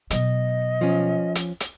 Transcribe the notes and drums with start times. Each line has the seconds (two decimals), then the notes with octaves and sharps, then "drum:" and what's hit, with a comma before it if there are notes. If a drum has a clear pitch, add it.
0.11 B2 F#3 D#5, drum: hi-hat
0.81 F3 C#4
1.35 drum: hi-hat
1.60 drum: hi-hat